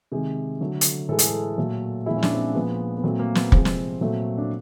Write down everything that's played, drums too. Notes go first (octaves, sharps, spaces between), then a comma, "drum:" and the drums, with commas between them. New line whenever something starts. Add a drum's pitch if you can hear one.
C3 D#3 G#3
D3 F#3 A3
drum: hi-hat
A2 E3 G#3 A4
G#4, drum: hi-hat
A4
A#2 F#3 A3
A#2 F3 G#3 E4
C#4
D4, drum: snare
C4
C#4
A#2 F3 G#3 B3
B3
A#2 F#3 A3 C4
A#3
B3, drum: snare
C3 F3 G#3 C4, drum: kick
drum: snare
A#2 F#3 A3
D4